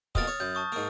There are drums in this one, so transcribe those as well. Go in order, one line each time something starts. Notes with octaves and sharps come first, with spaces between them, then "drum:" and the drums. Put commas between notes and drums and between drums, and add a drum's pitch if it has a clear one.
F2 B2 A#3 D#6 F6 A6, drum: kick
C#5
F#2 G6
A5 C#6 D#6
G#2 A#3